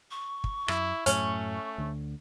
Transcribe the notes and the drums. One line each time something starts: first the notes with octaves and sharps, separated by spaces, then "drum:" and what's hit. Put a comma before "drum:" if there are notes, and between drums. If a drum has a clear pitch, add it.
C#6
drum: kick
F#2 E4, drum: rim click
F#2 A2 F#3 A3 C#4, drum: hi-hat
D2 D3